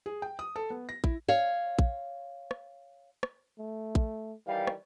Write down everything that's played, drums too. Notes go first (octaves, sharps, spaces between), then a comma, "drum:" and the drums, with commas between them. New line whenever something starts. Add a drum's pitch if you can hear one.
G#4
G5
D#6
A4
B3
A#6
E4, drum: kick
C#5 F5
drum: kick
drum: rim click
drum: rim click
A3
drum: kick
D#3 E3 G3 F5
drum: rim click